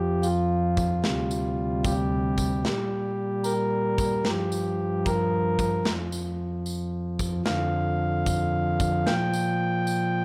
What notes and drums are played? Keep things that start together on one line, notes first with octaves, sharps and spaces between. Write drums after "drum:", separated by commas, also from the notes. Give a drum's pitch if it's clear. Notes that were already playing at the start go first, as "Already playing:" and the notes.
Already playing: F2 F3 G4
F4, drum: tambourine
drum: kick, tambourine
D2 C3 G3, drum: snare
drum: tambourine
G4, drum: kick, tambourine
drum: kick, tambourine
A#2 G3, drum: snare
A#4, drum: tambourine
drum: kick, tambourine
G2 F3 G4, drum: snare
drum: tambourine
A#4, drum: kick, tambourine
drum: kick, tambourine
F2 F3, drum: snare
drum: tambourine
drum: tambourine
drum: kick, tambourine
F2 D3 F3 F5, drum: snare
drum: kick, tambourine
drum: kick, tambourine
A#2 F3 G5, drum: snare
drum: tambourine
drum: tambourine